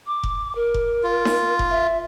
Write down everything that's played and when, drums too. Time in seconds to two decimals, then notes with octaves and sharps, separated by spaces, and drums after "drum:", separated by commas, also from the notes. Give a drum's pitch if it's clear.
0.06 D6
0.23 drum: kick F1
0.55 A#4
0.74 drum: kick F1
1.03 F4
1.25 drum: snare D#4
1.59 drum: kick F1
1.70 E5